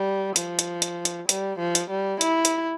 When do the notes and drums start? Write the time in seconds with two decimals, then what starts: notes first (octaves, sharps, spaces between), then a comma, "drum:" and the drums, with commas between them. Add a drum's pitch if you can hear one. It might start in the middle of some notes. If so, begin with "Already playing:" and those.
Already playing: G3
0.36 F3, drum: hi-hat
0.59 drum: hi-hat
0.82 drum: hi-hat
1.05 drum: hi-hat
1.29 G3, drum: hi-hat
1.59 F3
1.75 drum: hi-hat
1.91 G3
2.21 E4, drum: hi-hat
2.45 drum: hi-hat